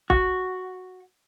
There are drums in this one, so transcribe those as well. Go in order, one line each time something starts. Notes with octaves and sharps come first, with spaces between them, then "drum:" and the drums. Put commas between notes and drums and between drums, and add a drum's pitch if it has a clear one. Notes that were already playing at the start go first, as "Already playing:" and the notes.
F#4, drum: kick